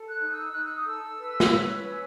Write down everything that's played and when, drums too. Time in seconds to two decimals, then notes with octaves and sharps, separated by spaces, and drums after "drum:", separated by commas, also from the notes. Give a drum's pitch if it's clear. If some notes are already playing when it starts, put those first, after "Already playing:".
Already playing: A4
0.09 F#6
0.20 D#4
0.32 E6
0.53 D#4 F#6
0.64 E6
0.76 D#6
0.86 A4 E6
1.18 B4
1.40 drum: snare
1.51 C#4
1.84 B4 E6